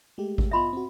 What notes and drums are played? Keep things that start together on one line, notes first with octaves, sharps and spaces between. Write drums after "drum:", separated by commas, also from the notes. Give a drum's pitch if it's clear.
G#3 A3 G4
drum: kick G#1
B3 F4 D#5 E5 B5 C6
C4 F#4